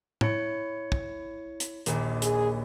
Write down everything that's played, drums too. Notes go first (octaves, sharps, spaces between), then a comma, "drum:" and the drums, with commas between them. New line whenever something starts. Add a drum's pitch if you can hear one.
E4 C#5 C#7, drum: tom A2
drum: kick
drum: hi-hat
A#1 D#2 A#2, drum: hi-hat
G#4, drum: hi-hat